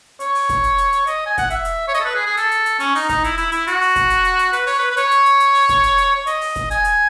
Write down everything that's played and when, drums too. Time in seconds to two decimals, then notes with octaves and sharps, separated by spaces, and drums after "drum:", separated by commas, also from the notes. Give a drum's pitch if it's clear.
0.20 C#5, drum: hi-hat
0.35 drum: open hi-hat
0.49 drum: kick, hi-hat
0.64 drum: hi-hat
0.78 drum: hi-hat
0.93 drum: hi-hat
1.07 D#5, drum: hi-hat
1.26 G#5
1.38 F#5, drum: kick, hi-hat
1.50 E5, drum: hi-hat
1.65 drum: hi-hat
1.88 C#5
1.94 D#5, drum: hi-hat
2.00 A4
2.05 B4
2.15 G#4
2.26 G#4
2.37 A4, drum: hi-hat
2.51 drum: hi-hat
2.66 drum: hi-hat
2.80 C#4, drum: hi-hat
2.95 D#4, drum: open hi-hat
3.09 D#4, drum: kick, hi-hat
3.24 E4, drum: hi-hat
3.37 E4, drum: hi-hat
3.52 E4, drum: hi-hat
3.67 F#4, drum: hi-hat
3.81 drum: open hi-hat
3.96 drum: kick, hi-hat
4.10 drum: hi-hat
4.25 drum: hi-hat
4.39 drum: hi-hat
4.53 B4, drum: hi-hat
4.67 C#5, drum: open hi-hat
4.79 B4
4.90 B4
4.97 C#5, drum: hi-hat
5.11 drum: hi-hat
5.26 drum: hi-hat
5.40 drum: hi-hat
5.55 drum: open hi-hat
5.69 drum: kick, hi-hat
5.83 drum: hi-hat
5.98 drum: hi-hat
6.16 C#5
6.27 D#5, drum: hi-hat
6.41 drum: open hi-hat
6.56 drum: kick, hi-hat
6.71 G#5, drum: hi-hat
6.85 drum: hi-hat